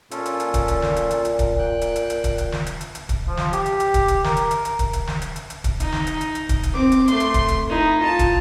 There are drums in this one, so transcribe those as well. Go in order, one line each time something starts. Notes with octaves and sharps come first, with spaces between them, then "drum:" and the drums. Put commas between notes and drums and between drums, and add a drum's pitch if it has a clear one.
A#2 C#4 F4 A4, drum: hi-hat
drum: hi-hat
drum: hi-hat
drum: kick, hi-hat
drum: hi-hat
drum: snare
drum: hi-hat
drum: hi-hat
drum: hi-hat
drum: kick, hi-hat
G5 F#6
drum: hi-hat
drum: hi-hat
drum: hi-hat
drum: kick, hi-hat
drum: hi-hat
drum: snare
drum: hi-hat
drum: hi-hat
drum: hi-hat
drum: kick, hi-hat
F3
drum: snare
G4, drum: hi-hat
drum: hi-hat
drum: hi-hat
drum: kick, hi-hat
drum: hi-hat
A#4, drum: snare
drum: hi-hat
drum: hi-hat
drum: hi-hat
drum: kick, hi-hat
drum: hi-hat
drum: snare
drum: hi-hat
drum: hi-hat
drum: hi-hat
drum: kick, hi-hat
D#4, drum: hi-hat
drum: snare
drum: hi-hat
drum: hi-hat
drum: hi-hat
drum: kick, hi-hat
drum: hi-hat
C4 D6
drum: hi-hat
A3 C6, drum: hi-hat
drum: hi-hat
drum: kick, hi-hat
drum: hi-hat
D#4 E4
F4 A5
drum: kick, hi-hat